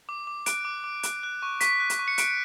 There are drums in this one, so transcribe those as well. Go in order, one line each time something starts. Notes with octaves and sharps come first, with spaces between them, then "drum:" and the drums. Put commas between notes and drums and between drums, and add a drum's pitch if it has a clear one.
D6
D6
F#6 D7, drum: hi-hat
D6
D6
F#6, drum: hi-hat
F#6
C#6
C#6 B6, drum: hi-hat
F#6
drum: hi-hat
C#6
C#7
F#6 D7, drum: hi-hat